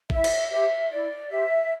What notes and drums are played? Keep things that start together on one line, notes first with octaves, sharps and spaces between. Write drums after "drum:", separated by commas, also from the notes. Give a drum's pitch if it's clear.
E4 E5, drum: kick A1
drum: cymbal
G4 C5 E5
E4 D5
G4 C5 E5